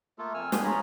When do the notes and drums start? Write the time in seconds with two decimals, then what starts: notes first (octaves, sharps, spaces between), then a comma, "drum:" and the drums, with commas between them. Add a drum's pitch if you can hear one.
0.18 A3 A#3 F4 A4
0.34 F2 G#5 E6 F6
0.52 G#3 D4 G4 G#4 G#5 C6, drum: snare
0.64 C#4 F4 G#4 C#5 A#5 B5